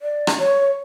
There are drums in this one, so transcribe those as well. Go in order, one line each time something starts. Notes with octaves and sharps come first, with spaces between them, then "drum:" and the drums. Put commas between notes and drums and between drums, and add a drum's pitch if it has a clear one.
D5
drum: rim click
C#5